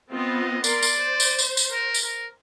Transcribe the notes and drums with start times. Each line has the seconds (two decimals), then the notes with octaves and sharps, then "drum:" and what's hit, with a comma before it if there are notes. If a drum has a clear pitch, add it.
0.12 B3 C4 F4 D#5
0.64 A#4 D5 C6, drum: tambourine
0.82 drum: tambourine
0.96 C5
1.20 drum: tambourine
1.38 drum: tambourine
1.57 drum: tambourine
1.72 A#4
1.94 drum: tambourine
2.05 A#4